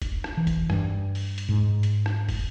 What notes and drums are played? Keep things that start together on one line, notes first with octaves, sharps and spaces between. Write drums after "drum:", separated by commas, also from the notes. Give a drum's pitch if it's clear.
drum: kick, hi-hat
drum: rim click
E3
drum: kick, hi-hat
G2, drum: rim click
drum: open hi-hat
drum: hi-hat
G#2
drum: hi-hat
drum: rim click
drum: kick, open hi-hat